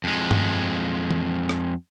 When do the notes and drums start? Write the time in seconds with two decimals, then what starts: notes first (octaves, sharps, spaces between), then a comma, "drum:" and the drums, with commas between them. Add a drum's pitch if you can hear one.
0.04 F2 G#3
0.31 drum: tom G2
1.11 drum: tom E3
1.49 drum: rim click